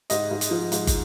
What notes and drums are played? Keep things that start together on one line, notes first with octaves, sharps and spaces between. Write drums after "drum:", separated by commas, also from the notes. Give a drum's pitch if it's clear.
G#2 D#5, drum: hi-hat
G#2
drum: hi-hat
F3
G#2, drum: hi-hat
drum: kick, hi-hat